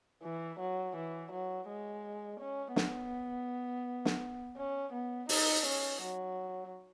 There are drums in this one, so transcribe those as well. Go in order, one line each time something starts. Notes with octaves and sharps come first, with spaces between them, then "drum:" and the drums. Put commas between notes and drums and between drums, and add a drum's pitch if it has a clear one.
E3
F#3
E3
F#3
G#3
C#4
B3, drum: snare
drum: snare
C#4
B3
D#4, drum: open hi-hat
C#4
F#3